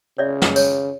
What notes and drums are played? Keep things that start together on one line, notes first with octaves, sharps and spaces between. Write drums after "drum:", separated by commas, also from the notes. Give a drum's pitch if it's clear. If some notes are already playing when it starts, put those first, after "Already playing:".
C#3 C#5 D5 E5
drum: snare
C#5, drum: tambourine